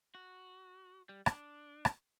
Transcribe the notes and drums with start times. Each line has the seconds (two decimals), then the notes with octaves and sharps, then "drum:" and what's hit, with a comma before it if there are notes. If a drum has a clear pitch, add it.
0.15 F#4
1.09 G3
1.26 D4, drum: rim click
1.85 drum: rim click